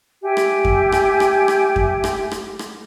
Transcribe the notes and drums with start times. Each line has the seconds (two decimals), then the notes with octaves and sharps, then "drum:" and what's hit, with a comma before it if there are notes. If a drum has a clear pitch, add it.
0.23 G4 E5 G#5
0.37 drum: rim click
0.65 drum: kick F2
0.92 drum: rim click
1.20 drum: rim click
1.48 drum: rim click
1.76 drum: kick F2
2.04 drum: rim click
2.31 drum: rim click
2.59 drum: rim click